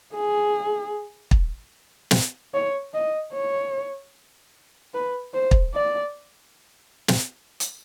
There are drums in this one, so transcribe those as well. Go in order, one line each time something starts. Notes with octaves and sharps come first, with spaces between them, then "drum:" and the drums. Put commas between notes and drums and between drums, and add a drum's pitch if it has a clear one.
G#4
drum: kick
drum: snare
C#5
D#5
C#5
B4
C5
drum: kick
D5
drum: snare
drum: hi-hat